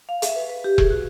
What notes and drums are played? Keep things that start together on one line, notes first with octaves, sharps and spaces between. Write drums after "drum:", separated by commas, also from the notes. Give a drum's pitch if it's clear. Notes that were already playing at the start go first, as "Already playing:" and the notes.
F5
E5, drum: hi-hat
B4
B4
G4
G#4, drum: kick E1
F#4